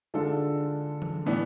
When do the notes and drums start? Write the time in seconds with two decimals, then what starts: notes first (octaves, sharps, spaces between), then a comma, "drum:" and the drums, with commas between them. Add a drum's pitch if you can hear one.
0.14 D3 G#3 D4 F4 A4
1.02 drum: tom E3
1.26 A2 E3 B3 D4